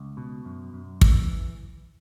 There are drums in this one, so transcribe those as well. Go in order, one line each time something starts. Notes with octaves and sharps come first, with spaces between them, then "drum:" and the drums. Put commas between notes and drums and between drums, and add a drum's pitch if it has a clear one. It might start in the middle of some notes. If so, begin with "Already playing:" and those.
Already playing: C#2
B2
F#2
F#2
E3, drum: kick